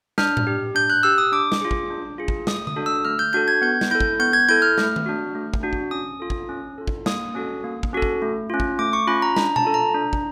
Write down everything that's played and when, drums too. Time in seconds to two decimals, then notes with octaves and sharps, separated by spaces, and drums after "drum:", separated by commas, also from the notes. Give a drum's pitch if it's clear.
0.18 D4 F6, drum: snare
0.37 drum: tom A2
0.47 G4
0.75 D4 G6
0.90 F#6
1.03 G4 E6
1.18 D#6
1.32 D4 D6
1.52 drum: snare
1.61 F4 G#4
1.71 drum: kick
1.90 D4
2.18 F4 G#4
2.28 drum: kick
2.47 A3 D#6, drum: snare
2.67 D#6, drum: tom D3
2.76 D4 F#4 A4
2.86 E6
3.05 A3 F6
3.19 G6
3.33 D4 F#4 A4 G6
3.48 G#6
3.62 B3 G6
3.81 drum: snare
3.91 E4 A4 G6
4.00 drum: kick
4.20 B3 G6
4.33 G#6
4.49 E4 A4 G6
4.62 F6
4.78 A3, drum: snare
4.96 drum: tom D#3
5.06 D4 F#4
5.35 A3
5.54 drum: kick
5.63 D4 F#4
5.73 drum: kick
5.91 C#4 D#6
6.20 F4 A4
6.30 drum: kick
6.49 C#4
6.78 F4 A4
6.87 drum: kick
7.06 A#3 D#6, drum: snare
7.35 C#4 F#4 A4
7.64 A#3
7.83 drum: kick
7.93 C#4 F#4 A4
8.02 drum: kick
8.22 A3
8.50 C#4 F4
8.60 drum: kick
8.79 A3 D6
8.93 C#6
9.07 C#4 F4 B5
9.22 A#5
9.36 D4 A#5, drum: snare
9.56 A5, drum: tom
9.65 F4 A4
9.74 A#5
9.94 D4
10.13 drum: kick